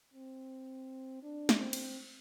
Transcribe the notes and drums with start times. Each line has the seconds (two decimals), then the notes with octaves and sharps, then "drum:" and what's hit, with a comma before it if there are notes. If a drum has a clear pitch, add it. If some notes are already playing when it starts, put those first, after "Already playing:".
0.13 C4
1.23 D4
1.49 drum: snare
1.60 C4
1.73 drum: cymbal